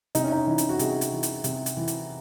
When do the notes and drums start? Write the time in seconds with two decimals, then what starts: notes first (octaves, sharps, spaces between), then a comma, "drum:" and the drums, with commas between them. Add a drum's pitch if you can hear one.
0.15 C3 D#4, drum: hi-hat
0.24 C#4
0.32 D#4
0.47 E3
0.58 drum: hi-hat
0.69 F#4
0.79 C3 G#4, drum: hi-hat
1.01 drum: hi-hat
1.13 E3
1.23 drum: hi-hat
1.44 C3, drum: hi-hat
1.66 drum: hi-hat
1.77 E3
1.88 drum: hi-hat